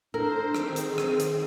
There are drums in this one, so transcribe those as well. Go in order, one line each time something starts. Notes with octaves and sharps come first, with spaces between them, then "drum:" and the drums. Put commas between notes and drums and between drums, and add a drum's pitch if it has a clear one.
D4 A4 A#4 C5
D#3 C4 G#4, drum: rim click
drum: hi-hat
drum: rim click
drum: hi-hat